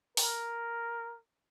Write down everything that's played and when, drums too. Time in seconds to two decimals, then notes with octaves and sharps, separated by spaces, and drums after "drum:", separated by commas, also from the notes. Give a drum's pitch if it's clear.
0.17 A#4, drum: open hi-hat